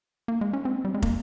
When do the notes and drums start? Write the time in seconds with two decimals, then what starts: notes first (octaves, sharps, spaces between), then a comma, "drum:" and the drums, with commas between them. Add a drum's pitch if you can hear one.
0.28 A#3
0.41 G#3
0.53 C#4
0.65 C4
0.85 G3
0.94 G#3
1.02 A#3, drum: kick